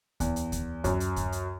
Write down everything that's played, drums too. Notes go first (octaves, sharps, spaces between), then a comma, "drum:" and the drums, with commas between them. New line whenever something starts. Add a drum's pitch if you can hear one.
E2, drum: kick D2, hi-hat
drum: hi-hat
drum: kick D2, hi-hat
F#2, drum: kick D2, hi-hat
drum: hi-hat
drum: kick D2, hi-hat
drum: hi-hat